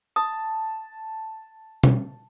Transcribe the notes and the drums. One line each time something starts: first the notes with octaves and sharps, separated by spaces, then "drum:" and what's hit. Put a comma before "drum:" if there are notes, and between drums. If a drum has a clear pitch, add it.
A5 D#6
drum: tom B2